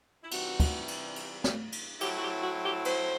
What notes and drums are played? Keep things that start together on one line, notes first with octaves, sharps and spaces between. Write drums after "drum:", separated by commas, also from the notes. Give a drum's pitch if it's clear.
E4
C3 E3 G3 F#4, drum: cymbal
drum: kick, cymbal
drum: cymbal
drum: cymbal
drum: snare
drum: cymbal
A2 F#3 C4 E4 G4, drum: cymbal
F#4
G4
F#4
G4
C5, drum: cymbal